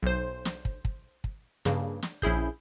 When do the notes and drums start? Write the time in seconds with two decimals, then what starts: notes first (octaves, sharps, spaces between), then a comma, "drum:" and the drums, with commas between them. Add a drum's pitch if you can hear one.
0.03 B1 C5
0.45 drum: snare
0.65 drum: kick
0.85 drum: kick
1.24 drum: kick
1.65 G2 C#3 A#3, drum: snare
2.03 drum: snare
2.22 A#1 C#4 E4 G#4 G6, drum: kick